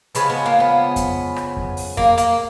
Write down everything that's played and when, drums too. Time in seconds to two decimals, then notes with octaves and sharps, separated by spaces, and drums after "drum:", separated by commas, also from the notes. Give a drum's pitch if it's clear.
0.15 C#3 F3 G#3 B3, drum: hi-hat
0.30 B3
0.46 A#3
0.60 B3
0.96 drum: kick F2, hi-hat
1.36 drum: rim click
1.57 drum: kick F2
1.77 drum: open hi-hat
1.97 A#3, drum: kick F2
2.18 A#3, drum: hi-hat